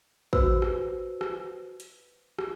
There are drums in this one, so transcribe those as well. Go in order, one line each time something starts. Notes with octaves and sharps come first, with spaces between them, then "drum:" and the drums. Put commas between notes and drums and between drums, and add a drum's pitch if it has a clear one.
F#4 B4 C5 E6, drum: kick
drum: rim click
drum: rim click
drum: hi-hat
drum: rim click